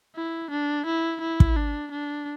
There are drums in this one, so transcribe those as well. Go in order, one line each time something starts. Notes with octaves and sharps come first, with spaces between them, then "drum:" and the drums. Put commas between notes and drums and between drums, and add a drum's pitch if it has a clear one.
E4
D4
E4
E4
drum: kick
D4
D4